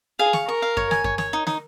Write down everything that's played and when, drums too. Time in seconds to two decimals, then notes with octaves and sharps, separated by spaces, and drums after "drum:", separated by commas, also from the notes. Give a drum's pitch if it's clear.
0.19 G#4 F5
0.33 C#6, drum: snare
0.48 A#4 C#6
0.62 F5
0.77 C#5, drum: kick F#2
0.91 G#5, drum: snare
1.04 C#5, drum: kick F#2
1.18 C#5, drum: snare
1.33 D#4
1.47 D#4, drum: snare